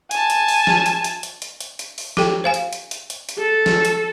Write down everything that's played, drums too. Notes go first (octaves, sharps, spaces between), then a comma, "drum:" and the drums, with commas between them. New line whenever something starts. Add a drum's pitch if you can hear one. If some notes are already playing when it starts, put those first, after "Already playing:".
G#5 A5, drum: hi-hat
drum: hi-hat
drum: open hi-hat
drum: snare
drum: hi-hat
drum: hi-hat
drum: hi-hat
drum: hi-hat
drum: hi-hat
drum: hi-hat
drum: open hi-hat
G4 A4 G5, drum: snare
C5 F5 G#5
drum: hi-hat
drum: hi-hat
drum: hi-hat
drum: hi-hat
drum: hi-hat
A4
drum: snare
drum: hi-hat